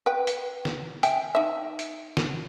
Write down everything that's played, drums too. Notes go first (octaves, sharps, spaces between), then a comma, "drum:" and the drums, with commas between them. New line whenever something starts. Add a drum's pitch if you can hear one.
B4 G5
drum: hi-hat
drum: snare
E5 G5 G#5, drum: hi-hat
D#4 E5
drum: hi-hat
drum: snare